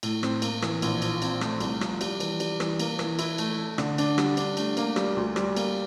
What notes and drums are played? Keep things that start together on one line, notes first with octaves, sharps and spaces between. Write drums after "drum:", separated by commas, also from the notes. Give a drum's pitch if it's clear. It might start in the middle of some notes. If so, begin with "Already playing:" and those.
A2, drum: cymbal
C4, drum: rim click
A#3, drum: cymbal
E3, drum: rim click
A#1, drum: cymbal
F3, drum: cymbal
C4, drum: cymbal
A3, drum: rim click
C2, drum: cymbal
F3, drum: rim click
G3, drum: cymbal
E3, drum: cymbal
G3, drum: cymbal
E3, drum: rim click
A#3, drum: cymbal
E3, drum: rim click
E4, drum: cymbal
A3, drum: cymbal
A3
D3, drum: rim click
D4, drum: cymbal
G3, drum: rim click
D4, drum: cymbal
A3, drum: cymbal
A#3, drum: cymbal
G3, drum: rim click
D2
G3, drum: rim click
A#3, drum: cymbal